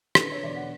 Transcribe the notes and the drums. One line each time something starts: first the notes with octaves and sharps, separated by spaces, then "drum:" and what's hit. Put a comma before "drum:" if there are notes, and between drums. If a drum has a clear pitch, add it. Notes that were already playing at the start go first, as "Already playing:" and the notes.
A4, drum: rim click
D3 B4
C#5
E1 D5
F#5